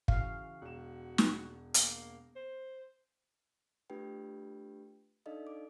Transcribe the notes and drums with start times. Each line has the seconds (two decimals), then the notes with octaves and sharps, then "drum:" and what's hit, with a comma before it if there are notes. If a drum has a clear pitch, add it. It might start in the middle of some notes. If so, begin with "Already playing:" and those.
0.08 C#3 E3 F#4 F5, drum: kick
0.62 E1 F#4 E7
1.18 drum: snare
1.74 A#3, drum: hi-hat
2.36 C5
3.90 A3 D4 F4 G4 B4 G5
5.26 D4 D#4 A4 D5 D#5 F5
5.47 D6